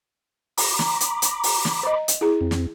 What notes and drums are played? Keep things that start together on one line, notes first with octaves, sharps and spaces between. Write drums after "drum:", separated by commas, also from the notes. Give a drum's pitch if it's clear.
A#5 B5 D6, drum: open hi-hat
drum: snare
drum: hi-hat
drum: hi-hat
drum: open hi-hat
drum: snare
C5 D#5
drum: hi-hat
E4 G#4 A#5
F2 C4
drum: snare